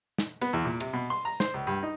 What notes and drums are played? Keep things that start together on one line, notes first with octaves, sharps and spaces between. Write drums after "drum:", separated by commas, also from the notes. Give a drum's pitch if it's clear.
drum: snare
B3, drum: cymbal
E2
A#2
C3, drum: cymbal
B2
C6
A#5
C5, drum: snare
C#2
G2
D#4